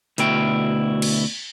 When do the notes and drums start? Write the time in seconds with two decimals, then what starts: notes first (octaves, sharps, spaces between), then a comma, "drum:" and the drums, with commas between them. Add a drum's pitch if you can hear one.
0.18 D2 B2 E4 G5, drum: hi-hat
1.02 drum: cymbal